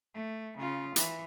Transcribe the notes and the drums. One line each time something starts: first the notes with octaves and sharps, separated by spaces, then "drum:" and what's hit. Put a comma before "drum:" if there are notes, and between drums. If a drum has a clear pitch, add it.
A3
C#3 F4
E3, drum: hi-hat